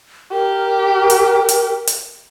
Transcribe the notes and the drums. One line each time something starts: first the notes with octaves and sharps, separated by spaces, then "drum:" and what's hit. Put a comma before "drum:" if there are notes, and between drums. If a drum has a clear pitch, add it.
G4 A#4
drum: hi-hat
drum: hi-hat
drum: hi-hat